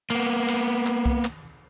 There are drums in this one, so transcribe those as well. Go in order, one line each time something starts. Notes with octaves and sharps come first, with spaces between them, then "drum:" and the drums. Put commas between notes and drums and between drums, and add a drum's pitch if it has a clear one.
A#3 B3, drum: clap
drum: cymbal
drum: clap
drum: kick C2
drum: clap